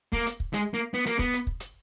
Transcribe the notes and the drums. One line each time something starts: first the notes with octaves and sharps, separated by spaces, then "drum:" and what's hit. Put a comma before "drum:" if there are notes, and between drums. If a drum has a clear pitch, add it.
A#3, drum: kick
drum: hi-hat
drum: kick
G#3, drum: hi-hat
A#3
B3
A#3, drum: hi-hat
B3, drum: kick
drum: hi-hat
drum: kick
drum: hi-hat